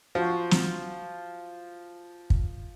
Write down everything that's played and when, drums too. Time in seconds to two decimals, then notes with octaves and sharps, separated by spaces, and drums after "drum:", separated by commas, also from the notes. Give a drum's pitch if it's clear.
0.15 F3 F#4 C5
0.51 drum: snare
2.30 drum: kick